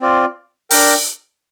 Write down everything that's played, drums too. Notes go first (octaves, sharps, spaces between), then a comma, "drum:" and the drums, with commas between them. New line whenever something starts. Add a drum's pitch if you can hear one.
C4 F4 D5
D4 A#4 G5, drum: open hi-hat